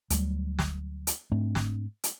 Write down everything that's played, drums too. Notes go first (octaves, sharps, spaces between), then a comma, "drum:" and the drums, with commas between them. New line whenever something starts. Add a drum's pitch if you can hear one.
D2 F#3 G3, drum: hi-hat
drum: snare
drum: hi-hat
G#2 A3 C4 D4
drum: snare
drum: hi-hat